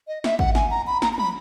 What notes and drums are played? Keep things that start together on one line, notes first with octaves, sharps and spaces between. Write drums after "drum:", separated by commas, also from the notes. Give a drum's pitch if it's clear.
D#5
E5, drum: snare
F#5, drum: kick
G#5, drum: snare
A#5
B5
A#5, drum: snare
A#5
B5, drum: tom